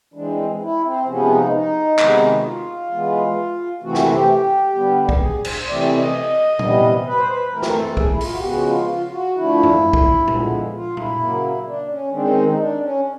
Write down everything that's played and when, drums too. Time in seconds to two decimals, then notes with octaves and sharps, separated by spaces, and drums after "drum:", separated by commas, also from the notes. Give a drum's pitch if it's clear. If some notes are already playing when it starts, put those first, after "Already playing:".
0.14 E3 G#3 C4 D4
0.61 E4
0.84 C4
1.06 C3 F3 G#3 B3 C#4
1.29 D#4
1.52 D#4
1.99 C3 D#3 G#3 B3, drum: clap
2.36 F#4
2.45 F4
2.91 E3 G#3 B3
3.82 C3 E3 A3 C4 F#4
3.95 drum: snare
4.06 G4
4.75 D3 G3 B3
5.09 drum: kick
5.21 G#4
5.45 C5, drum: cymbal
5.67 C3 E3 A3 C4 D5
5.83 D5
5.98 D#5
6.59 C3 E3 G3 B3, drum: tom A#2
7.06 B4
7.17 C5
7.28 B4
7.51 E3 A3 C4 A#4
7.62 drum: snare
7.75 A4
7.97 G#4, drum: kick
8.09 E4
8.21 F4, drum: open hi-hat
8.32 F#4
8.39 G4
8.43 C#3 F3 G#3 B3 F#4
8.66 F4
8.90 F4
9.06 F4
9.13 F#4
9.35 D3 F3 A3 E4
9.63 drum: tom G2
9.93 drum: kick
10.28 D3 F3 G#3 B3, drum: tom
10.74 F4
10.97 E4, drum: tom
11.20 C#3 F#3 A#3
11.66 D4
11.89 C#4
12.12 D#3 G#3 C4 D4
12.24 C#4
12.47 D#4
12.58 D4
12.82 C#4